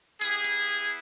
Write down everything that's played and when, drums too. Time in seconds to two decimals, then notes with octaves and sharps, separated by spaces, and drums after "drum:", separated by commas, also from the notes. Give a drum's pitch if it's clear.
0.21 B3 E4 G4 G#4, drum: hi-hat
0.45 drum: hi-hat